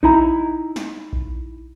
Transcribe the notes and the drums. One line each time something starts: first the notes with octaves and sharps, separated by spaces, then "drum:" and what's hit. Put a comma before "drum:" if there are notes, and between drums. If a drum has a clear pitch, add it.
D#4 E4 A#5, drum: kick A#1
drum: snare
drum: kick A#1